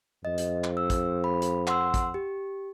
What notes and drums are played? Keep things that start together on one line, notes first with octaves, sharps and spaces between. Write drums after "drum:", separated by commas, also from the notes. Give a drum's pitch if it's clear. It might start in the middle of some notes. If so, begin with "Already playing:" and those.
F2 D#5
drum: hi-hat
drum: clap
E6
drum: kick A1, hi-hat
B5
drum: hi-hat
F#5 C6 E6, drum: clap
drum: kick A1, hi-hat
G4